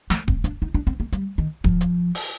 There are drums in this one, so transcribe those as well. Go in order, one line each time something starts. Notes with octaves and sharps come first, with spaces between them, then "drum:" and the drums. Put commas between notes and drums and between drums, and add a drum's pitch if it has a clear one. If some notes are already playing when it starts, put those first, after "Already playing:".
A3, drum: snare
C4, drum: kick D1
D4, drum: hi-hat
D#4
D4
C4
A#3
G3, drum: hi-hat
D#3
F3, drum: kick D1
drum: hi-hat
drum: open hi-hat